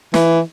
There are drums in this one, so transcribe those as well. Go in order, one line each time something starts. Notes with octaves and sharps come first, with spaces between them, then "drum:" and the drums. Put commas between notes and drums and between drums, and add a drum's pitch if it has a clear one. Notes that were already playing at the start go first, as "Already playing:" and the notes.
E3, drum: snare